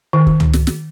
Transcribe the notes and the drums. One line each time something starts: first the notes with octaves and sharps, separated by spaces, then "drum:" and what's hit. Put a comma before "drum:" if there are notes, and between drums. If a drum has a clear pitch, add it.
D#3
drum: kick
drum: tom C#2
drum: snare
drum: snare